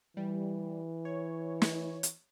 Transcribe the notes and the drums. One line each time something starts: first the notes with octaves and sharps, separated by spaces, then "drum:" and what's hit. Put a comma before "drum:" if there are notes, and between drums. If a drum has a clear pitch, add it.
E3 G3
C#5
drum: snare
drum: hi-hat